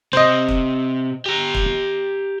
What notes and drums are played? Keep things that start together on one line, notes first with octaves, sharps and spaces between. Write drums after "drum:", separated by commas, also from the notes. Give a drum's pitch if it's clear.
C3 C4 C5 D#5
drum: kick
G4 A#5
drum: kick